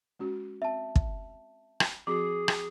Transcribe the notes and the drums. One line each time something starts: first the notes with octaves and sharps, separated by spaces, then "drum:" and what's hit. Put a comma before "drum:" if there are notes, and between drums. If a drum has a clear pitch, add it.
G#3 C#4 F#4
C4 E5 A5
drum: kick
drum: rim click
F3 C4 F#4 G#4 D6
drum: rim click